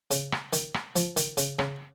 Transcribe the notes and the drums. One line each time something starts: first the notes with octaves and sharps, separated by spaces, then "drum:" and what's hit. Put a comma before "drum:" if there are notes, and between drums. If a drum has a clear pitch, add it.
C#3, drum: hi-hat
drum: rim click
D#3, drum: hi-hat
drum: rim click
F3, drum: hi-hat
D#3, drum: hi-hat
C#3, drum: hi-hat
C#3, drum: rim click